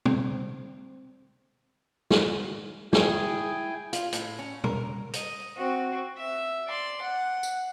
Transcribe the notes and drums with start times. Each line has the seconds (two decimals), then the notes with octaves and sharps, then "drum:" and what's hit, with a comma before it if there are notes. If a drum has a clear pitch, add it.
0.05 C4, drum: tom
2.11 drum: snare
2.93 E4 G#4 G5 G#5, drum: snare
3.93 F4, drum: hi-hat
4.12 A2, drum: hi-hat
4.39 C#4
4.64 A#4, drum: tom
5.13 D#5, drum: hi-hat
5.57 C4 F#4
6.18 E5
6.68 D5 C6
7.01 F#5
7.43 drum: tambourine